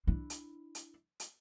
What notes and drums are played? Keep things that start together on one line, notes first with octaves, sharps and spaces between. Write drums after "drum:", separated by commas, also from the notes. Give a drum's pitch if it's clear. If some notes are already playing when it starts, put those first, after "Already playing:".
D4 E4
drum: hi-hat
drum: hi-hat
drum: hi-hat